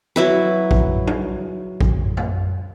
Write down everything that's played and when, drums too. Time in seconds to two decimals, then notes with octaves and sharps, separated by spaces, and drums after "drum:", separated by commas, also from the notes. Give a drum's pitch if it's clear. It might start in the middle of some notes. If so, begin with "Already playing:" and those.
0.16 F#3 E4 B4
0.71 drum: kick A1
1.07 drum: tom
1.81 drum: kick A1
2.17 drum: tom F#2